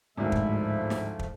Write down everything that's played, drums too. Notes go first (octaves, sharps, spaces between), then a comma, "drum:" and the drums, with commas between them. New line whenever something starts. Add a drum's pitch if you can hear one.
G#1 D2 A2 F3 G#3 A3 E4 E5
drum: kick
drum: snare
drum: kick